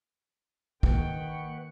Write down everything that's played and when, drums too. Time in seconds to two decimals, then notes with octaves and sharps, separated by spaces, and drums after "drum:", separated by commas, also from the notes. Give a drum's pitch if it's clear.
0.83 D#3 A#3 B4 F#5 G5 C#6, drum: kick